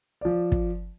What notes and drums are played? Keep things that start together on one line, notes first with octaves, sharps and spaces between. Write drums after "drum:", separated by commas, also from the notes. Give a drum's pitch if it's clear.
F3 D5
drum: kick